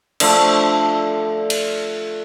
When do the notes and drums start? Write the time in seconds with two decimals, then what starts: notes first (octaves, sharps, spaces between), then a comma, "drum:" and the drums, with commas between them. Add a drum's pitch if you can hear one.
0.20 D3 F3 A3, drum: cymbal
1.50 drum: cymbal